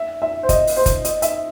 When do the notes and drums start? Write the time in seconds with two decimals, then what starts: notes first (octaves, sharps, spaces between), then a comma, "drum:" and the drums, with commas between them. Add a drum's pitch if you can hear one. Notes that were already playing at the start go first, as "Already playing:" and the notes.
Already playing: E5
0.22 E5
0.43 C5
0.49 D#5, drum: kick, hi-hat
0.67 drum: open hi-hat
0.77 C5
0.86 drum: kick, hi-hat
1.05 D#5, drum: hi-hat
1.22 E5, drum: hi-hat